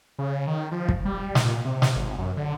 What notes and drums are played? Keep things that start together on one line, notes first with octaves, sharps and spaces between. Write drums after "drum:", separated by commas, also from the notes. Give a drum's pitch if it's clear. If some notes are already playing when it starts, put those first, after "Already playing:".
C#3
D#3
F3
drum: kick
G3
drum: snare
A#2
C3
drum: snare
G#1
F#2
D3